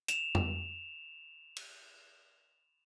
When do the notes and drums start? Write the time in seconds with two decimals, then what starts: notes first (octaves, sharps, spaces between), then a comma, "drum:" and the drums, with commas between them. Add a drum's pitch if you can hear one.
0.08 E7 F7, drum: hi-hat
0.35 drum: tom F2
1.57 drum: cymbal